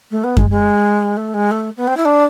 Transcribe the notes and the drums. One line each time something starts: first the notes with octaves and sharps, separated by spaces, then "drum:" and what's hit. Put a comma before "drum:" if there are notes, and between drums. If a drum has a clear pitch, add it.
A3
B3
G#3, drum: kick F#2
G#3
A3
G#3
A3
B3
C4
E4
D4